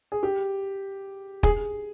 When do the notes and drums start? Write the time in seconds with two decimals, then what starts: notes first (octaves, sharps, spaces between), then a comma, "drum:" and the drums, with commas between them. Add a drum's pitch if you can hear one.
0.12 G#4
0.23 G4
1.43 G#4, drum: kick